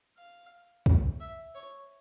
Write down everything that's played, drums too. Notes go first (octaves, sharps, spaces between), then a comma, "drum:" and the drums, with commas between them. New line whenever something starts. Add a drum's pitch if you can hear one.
F5
drum: kick
E5
C#5